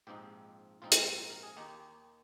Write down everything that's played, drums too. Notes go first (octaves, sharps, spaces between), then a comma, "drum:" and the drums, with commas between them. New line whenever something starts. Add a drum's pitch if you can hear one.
A#1 G#2 F3 C4 D#4 G4
A#1 G#2 F3 C4 D#4 F4
drum: hi-hat
A#4
G#4
D#2 D#3 A#3 D#4 G4